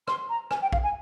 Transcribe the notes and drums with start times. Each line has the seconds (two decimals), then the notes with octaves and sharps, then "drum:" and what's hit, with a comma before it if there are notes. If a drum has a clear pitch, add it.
0.08 C6, drum: rim click
0.29 A#5
0.51 G#5, drum: rim click
0.62 G5
0.72 F5, drum: kick
0.83 G#5